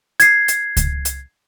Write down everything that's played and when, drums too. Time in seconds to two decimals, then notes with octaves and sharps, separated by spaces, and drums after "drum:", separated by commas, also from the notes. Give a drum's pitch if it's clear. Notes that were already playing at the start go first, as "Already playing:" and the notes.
0.20 G#6 C7, drum: hi-hat
0.48 drum: hi-hat
0.77 drum: kick C#2, hi-hat
1.05 drum: hi-hat